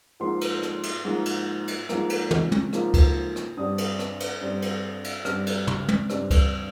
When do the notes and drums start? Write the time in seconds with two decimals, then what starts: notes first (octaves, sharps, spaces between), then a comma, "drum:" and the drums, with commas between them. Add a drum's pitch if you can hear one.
0.20 G#2 F3 A#3 C6
0.41 drum: cymbal
0.62 drum: rim click
0.83 drum: cymbal
1.05 G#2 F3 A#3
1.25 drum: cymbal
1.68 drum: cymbal
1.89 G#2 F3 A#3, drum: rim click
2.10 drum: cymbal
2.31 drum: tom
2.52 drum: tom
2.73 G#2 F3 A#3, drum: rim click
2.94 drum: kick C#2, cymbal
3.36 drum: rim click
3.57 G2 G3 C4 D#6
3.78 drum: cymbal
3.99 drum: rim click
4.20 drum: cymbal
4.41 G2 G3 C4
4.62 drum: cymbal
5.04 drum: cymbal
5.25 G2 G3 C4 F6, drum: rim click
5.46 drum: cymbal
5.67 drum: tom
5.89 drum: tom
6.10 G2 G3 C4, drum: rim click
6.31 drum: kick C#2, cymbal